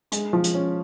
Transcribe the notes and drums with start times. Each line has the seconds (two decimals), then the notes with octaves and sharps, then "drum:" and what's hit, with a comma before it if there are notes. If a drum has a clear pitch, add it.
0.12 G#3, drum: hi-hat
0.33 F3
0.44 drum: hi-hat
0.54 C#4